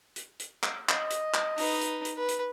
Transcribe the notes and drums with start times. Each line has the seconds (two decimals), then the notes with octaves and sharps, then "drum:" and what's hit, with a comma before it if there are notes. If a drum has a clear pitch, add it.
0.16 drum: hi-hat
0.40 drum: hi-hat
0.63 drum: clap
0.89 D#5, drum: clap
1.11 drum: hi-hat
1.34 drum: clap
1.58 D#4 B4, drum: open hi-hat
1.81 drum: hi-hat
2.05 drum: hi-hat
2.15 B4
2.29 drum: hi-hat